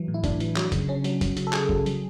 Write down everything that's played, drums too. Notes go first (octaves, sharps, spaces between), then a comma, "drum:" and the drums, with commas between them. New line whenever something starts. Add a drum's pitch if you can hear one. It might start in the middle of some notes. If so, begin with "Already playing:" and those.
Already playing: E3 F#3
A2
E4
A2 D4, drum: kick, hi-hat
E3, drum: hi-hat
F#3, drum: clap
C#3, drum: kick, hi-hat
C#3 C#4
F#3, drum: hi-hat
F#3, drum: kick, hi-hat
C#3, drum: hi-hat
A4
C#3 G#4, drum: clap
F#3, drum: kick
F#3, drum: hi-hat